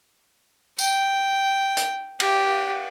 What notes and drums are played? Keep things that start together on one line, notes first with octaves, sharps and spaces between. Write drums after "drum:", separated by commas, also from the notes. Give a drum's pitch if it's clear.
G5, drum: tambourine
drum: hi-hat
G4, drum: cymbal